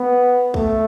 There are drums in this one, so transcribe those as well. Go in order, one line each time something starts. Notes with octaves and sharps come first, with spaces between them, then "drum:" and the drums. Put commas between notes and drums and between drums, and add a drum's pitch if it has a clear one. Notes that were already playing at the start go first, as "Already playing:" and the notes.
Already playing: B3
A3, drum: kick